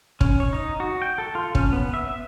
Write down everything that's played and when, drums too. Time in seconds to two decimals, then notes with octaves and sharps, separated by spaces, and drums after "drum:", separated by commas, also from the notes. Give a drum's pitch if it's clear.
0.21 C#4, drum: kick
0.40 C#5
0.53 D#4
0.80 F#4
1.02 G5
1.18 A4
1.35 F4
1.55 C#4, drum: kick
1.73 B3
1.94 E5
2.07 E5